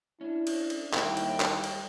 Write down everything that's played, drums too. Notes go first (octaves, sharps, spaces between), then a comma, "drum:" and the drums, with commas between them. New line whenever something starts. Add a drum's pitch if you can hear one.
C#4 D4 E4
drum: cymbal
drum: cymbal
D#2 G3 A#3 E4 G5, drum: clap
drum: cymbal
drum: clap
drum: cymbal